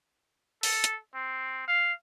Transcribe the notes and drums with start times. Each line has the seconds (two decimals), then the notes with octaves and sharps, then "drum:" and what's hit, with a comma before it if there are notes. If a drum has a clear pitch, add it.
0.63 A4, drum: open hi-hat
0.84 drum: hi-hat
1.15 C4
1.68 F5